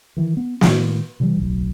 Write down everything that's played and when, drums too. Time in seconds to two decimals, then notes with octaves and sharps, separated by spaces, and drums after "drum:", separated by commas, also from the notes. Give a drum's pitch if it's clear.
0.17 D#3 E3
0.37 B3
0.61 A2 D#3 G#3, drum: snare
1.20 C3 E3 G3
1.37 D1 B1